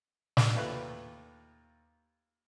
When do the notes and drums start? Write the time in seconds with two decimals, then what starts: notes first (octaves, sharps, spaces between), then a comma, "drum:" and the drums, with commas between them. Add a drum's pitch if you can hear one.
0.37 drum: snare
0.54 D#2 A3 F4 B4 F#6